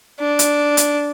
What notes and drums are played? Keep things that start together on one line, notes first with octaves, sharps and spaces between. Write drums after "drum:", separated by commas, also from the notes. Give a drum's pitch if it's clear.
D4
drum: hi-hat
drum: hi-hat